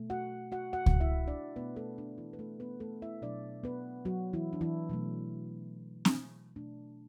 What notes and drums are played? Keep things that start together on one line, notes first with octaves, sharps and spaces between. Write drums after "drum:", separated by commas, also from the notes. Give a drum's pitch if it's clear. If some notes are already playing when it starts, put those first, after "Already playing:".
Already playing: B2 A3
F#4 F#5
F#4 F#5
F#4 F#5
drum: kick C#2
E4 E5
D4 D5
B2 A3 B3 B4
A3 A4
D4
E3 E4
B4
A3 A4
B3 B4
A3 A4
E4 E5
B2 F#3 A3 D4 D5
B3 B4
F#3 F#4
E3 E4
D4
E3 E4
B2 F#3 A3
drum: snare C4
B2 A3 D4